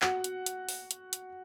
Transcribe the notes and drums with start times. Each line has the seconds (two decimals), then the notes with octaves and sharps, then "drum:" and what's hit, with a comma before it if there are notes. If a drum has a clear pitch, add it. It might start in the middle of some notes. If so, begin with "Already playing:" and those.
0.02 F#4 F#5, drum: clap
0.24 drum: hi-hat
0.46 drum: hi-hat
0.69 drum: open hi-hat
0.91 drum: hi-hat
1.13 drum: hi-hat